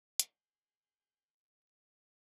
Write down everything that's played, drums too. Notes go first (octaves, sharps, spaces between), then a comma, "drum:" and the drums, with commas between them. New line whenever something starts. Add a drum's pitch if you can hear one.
G#4 G6, drum: hi-hat